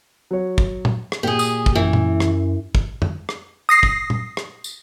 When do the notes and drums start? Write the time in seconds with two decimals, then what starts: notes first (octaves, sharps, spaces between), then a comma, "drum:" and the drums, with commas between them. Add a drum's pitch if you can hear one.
0.31 F#3 C#5
0.58 drum: kick
0.85 drum: tom
1.12 drum: rim click
1.23 A#2 G4 G#4
1.39 D#6, drum: tambourine
1.66 drum: kick
1.75 F#2 E3
1.93 drum: tom
2.20 drum: rim click
2.75 drum: kick
3.02 drum: tom F2
3.29 drum: rim click
3.69 D#6 A#6 C7
3.83 drum: kick
4.10 drum: tom
4.37 drum: rim click
4.64 drum: tambourine